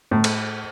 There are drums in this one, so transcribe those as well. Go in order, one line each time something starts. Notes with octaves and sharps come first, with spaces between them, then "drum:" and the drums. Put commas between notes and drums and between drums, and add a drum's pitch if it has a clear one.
A2
drum: cymbal